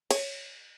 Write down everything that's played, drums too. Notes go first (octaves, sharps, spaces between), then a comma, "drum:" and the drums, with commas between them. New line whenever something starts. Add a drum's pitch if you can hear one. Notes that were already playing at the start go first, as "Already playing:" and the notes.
C#5, drum: cymbal